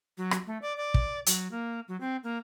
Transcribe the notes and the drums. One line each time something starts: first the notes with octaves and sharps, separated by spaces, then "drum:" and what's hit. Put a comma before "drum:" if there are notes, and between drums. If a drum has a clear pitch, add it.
F#3
drum: rim click
A3
D5
D5
drum: kick
F#3, drum: hi-hat
A#3
F#3
C4
A#3